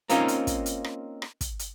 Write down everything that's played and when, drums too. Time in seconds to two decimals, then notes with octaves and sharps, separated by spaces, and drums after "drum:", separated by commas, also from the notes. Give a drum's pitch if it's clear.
0.10 A#3 C4 C#4 D#4 F4, drum: hi-hat
0.28 drum: hi-hat
0.47 drum: kick, hi-hat
0.66 drum: hi-hat
0.84 drum: rim click
1.22 drum: rim click
1.41 drum: kick, hi-hat
1.59 drum: hi-hat